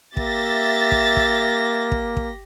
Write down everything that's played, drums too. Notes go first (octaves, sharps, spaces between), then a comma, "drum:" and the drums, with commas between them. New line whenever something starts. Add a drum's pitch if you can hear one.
A#3 G4 E5 A6 A#6, drum: kick
drum: kick
drum: kick
drum: kick
drum: kick